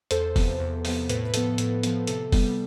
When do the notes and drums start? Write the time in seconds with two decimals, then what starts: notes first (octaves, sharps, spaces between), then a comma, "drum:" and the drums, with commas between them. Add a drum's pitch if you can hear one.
0.11 E2 A4 C5, drum: hi-hat
0.36 C3 F3 B3, drum: kick F1, open hi-hat
0.60 E2
0.85 C3 F3 B3, drum: open hi-hat
1.09 A2 B4, drum: hi-hat
1.25 B4
1.34 F3 B3 A4, drum: hi-hat
1.58 A2, drum: hi-hat
1.83 F3 B3, drum: hi-hat
2.07 C3 A4, drum: hi-hat
2.32 G3 B3, drum: kick F1, open hi-hat